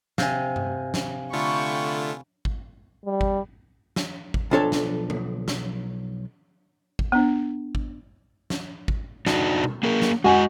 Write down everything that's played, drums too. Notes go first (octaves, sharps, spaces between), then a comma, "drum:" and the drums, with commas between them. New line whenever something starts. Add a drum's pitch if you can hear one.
C3 F5 G#5, drum: snare
drum: tom G2
drum: snare
D3 A3 F4 G5 B5 C#6
drum: kick G#1
G3
drum: kick G#1
drum: snare
drum: kick G#1
B1 F3 D4 A4 C#5 A5
drum: snare
drum: tom D3
drum: snare
drum: kick G#1
B3 D4
drum: kick G#1
drum: snare
drum: kick G#1
D4 D#4 F#4, drum: snare
drum: tom B2
A#3 G#4 A#4
drum: snare
G#3 F#4 D#5 F#5 G#5